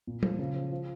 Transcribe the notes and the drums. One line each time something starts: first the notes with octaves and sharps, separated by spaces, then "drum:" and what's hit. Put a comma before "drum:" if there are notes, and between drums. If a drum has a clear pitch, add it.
A#2
F3, drum: tom
C#3
F3
F3